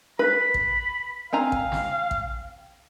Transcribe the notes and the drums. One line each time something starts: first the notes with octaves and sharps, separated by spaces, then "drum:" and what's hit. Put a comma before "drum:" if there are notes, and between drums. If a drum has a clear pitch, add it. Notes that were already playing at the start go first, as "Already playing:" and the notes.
B4 B5
drum: kick A1
C4 F5 G#5 A#5
drum: kick A1
drum: snare
drum: kick A1